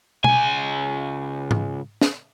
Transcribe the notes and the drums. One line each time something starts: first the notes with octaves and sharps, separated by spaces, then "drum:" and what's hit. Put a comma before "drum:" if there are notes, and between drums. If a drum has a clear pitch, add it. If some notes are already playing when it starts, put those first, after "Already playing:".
C#2 G#5, drum: tom
drum: tom G#2
drum: snare